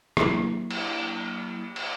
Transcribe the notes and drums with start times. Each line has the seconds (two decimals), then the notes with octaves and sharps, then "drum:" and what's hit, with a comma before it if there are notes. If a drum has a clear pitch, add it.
0.17 F#3 A#3 D4 E4 G4, drum: rim click
0.71 drum: cymbal
1.76 drum: cymbal